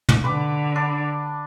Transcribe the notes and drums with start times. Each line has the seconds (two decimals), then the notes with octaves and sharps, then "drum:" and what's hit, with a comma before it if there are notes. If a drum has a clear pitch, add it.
0.09 drum: tom
0.24 D3 B4 D6
0.76 D4